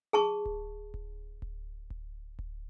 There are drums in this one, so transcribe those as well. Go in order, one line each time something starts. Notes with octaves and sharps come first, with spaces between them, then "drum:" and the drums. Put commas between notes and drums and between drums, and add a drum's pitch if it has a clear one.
G#4 A5 C#6
drum: kick D1
drum: kick D1
drum: kick D1
drum: kick D1
drum: kick D1